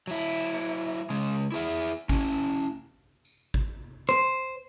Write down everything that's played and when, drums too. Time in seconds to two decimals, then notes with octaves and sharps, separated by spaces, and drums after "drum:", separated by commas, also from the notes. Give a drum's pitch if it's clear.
0.07 F#3 E4
1.10 C#3 G#3
1.52 E4 G#4 E5
2.09 C#4 E4, drum: kick G#1
3.25 drum: tambourine
3.54 drum: kick G#1
4.09 C5